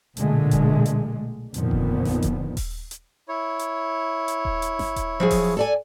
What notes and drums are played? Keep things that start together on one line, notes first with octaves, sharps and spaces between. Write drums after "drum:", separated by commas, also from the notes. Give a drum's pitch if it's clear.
B1 A#2 D3 G#3 A3, drum: hi-hat
drum: kick D#1, hi-hat
drum: hi-hat
F2 A#2 D3 D#3 F3 B3, drum: hi-hat
drum: kick D#1
drum: snare G1
drum: kick D#1, hi-hat
drum: kick D#1, open hi-hat
drum: hi-hat
E4 C#5
drum: hi-hat
drum: hi-hat
drum: kick D#1
drum: hi-hat
drum: snare G1
drum: kick D#1, hi-hat
F3 F#3 G#4
drum: kick D#1, open hi-hat
A4 D5 G#5